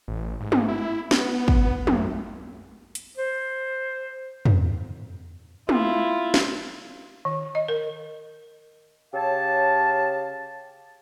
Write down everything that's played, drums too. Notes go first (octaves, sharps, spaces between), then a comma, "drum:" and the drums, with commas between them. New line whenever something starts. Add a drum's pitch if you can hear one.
A1
G#2
drum: tom
E4
B3, drum: snare
drum: kick
F#2, drum: tom
drum: hi-hat
C5
drum: tom
E4 F4, drum: tom
drum: snare
D#3
D#5
A#4
C#3 G4 C#5 F5 A5